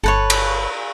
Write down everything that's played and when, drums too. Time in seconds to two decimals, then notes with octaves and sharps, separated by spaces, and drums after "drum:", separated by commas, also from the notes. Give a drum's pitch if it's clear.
0.04 G1 A4 B4 C#5
0.30 drum: cymbal